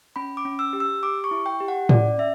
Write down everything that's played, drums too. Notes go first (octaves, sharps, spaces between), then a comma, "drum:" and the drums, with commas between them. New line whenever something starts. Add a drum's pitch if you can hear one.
C#4 B5
D6
C#4
E6
G4
E6
G4 D6
C#6
E4
G5
G4
F#5
C#4 D5, drum: tom A2
C#4 E5